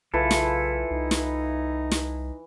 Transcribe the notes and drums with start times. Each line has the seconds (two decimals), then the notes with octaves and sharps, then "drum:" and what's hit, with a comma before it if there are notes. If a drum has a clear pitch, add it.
0.14 B1 C#3 E3 E4 F4 A4 B4 E5
0.31 drum: snare
0.91 C2 D#4
1.11 drum: snare
1.91 drum: snare